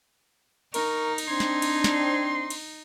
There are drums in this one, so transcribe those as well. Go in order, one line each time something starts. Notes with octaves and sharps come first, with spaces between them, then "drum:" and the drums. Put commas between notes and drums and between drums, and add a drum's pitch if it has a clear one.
D#4 A#4 C#6, drum: cymbal
drum: cymbal
C4 D4 C6 G#6
drum: snare
drum: cymbal
drum: snare
drum: cymbal